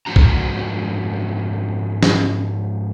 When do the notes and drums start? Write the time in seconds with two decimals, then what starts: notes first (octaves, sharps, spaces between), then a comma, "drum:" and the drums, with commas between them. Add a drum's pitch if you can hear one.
0.06 G#2 F3 D4 F#4 A#5
0.16 drum: kick
2.03 drum: snare